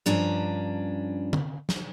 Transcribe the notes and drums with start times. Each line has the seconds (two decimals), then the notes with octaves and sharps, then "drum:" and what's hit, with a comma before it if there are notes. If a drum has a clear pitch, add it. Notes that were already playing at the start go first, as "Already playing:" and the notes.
0.06 G2 F3 C#4 D4 A#5
1.33 drum: tom D3
1.69 drum: snare